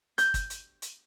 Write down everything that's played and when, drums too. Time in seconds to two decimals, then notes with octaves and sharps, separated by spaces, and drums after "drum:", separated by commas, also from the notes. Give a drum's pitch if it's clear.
0.18 G6, drum: hi-hat
0.34 drum: kick, hi-hat
0.50 drum: hi-hat
0.82 drum: hi-hat